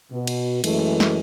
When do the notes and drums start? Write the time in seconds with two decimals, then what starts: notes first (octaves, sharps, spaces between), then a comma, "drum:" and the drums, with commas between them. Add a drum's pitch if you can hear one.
0.11 B2
0.27 drum: cymbal
0.64 F#2 E3 G#3 A3, drum: cymbal
1.00 drum: snare